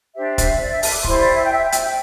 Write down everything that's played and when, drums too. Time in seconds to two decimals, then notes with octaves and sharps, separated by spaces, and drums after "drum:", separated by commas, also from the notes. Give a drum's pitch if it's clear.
0.16 D4 G4 C5 E5
0.38 E5, drum: kick, hi-hat
0.61 D5
0.71 E5
0.83 A5, drum: open hi-hat
0.93 D6
1.04 E4 G4 C5 C6, drum: kick
1.19 D5
1.34 E5
1.44 G5
1.53 E5
1.63 G5
1.72 E5, drum: hi-hat
1.82 G5